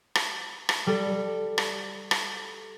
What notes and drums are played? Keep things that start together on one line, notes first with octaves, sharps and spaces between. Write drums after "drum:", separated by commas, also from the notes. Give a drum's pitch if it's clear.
drum: rim click
drum: rim click
G3 A4
drum: rim click
drum: rim click